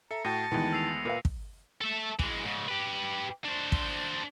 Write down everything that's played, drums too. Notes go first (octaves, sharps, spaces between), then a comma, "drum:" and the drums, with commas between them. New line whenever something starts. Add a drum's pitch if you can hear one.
A4 E5 A#5 C#7
A2 F#4 G5 A5 A#6 D#7
D2 D#3 E3 G#3 B3
E6 C7 F7
A#2 A#4 B4 F5
drum: kick
A4 E5
E3 G#3, drum: kick
G#2 C#3
G4 B4
D4 C5
drum: kick